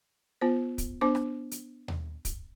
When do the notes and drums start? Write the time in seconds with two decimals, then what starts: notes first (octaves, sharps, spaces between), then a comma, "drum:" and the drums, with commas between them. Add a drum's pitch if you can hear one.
0.41 B3 F4 C5
0.78 drum: kick, hi-hat
1.01 B3 D4 C5 D6
1.15 drum: rim click
1.51 drum: hi-hat
1.88 drum: tom D#2
2.25 drum: kick, hi-hat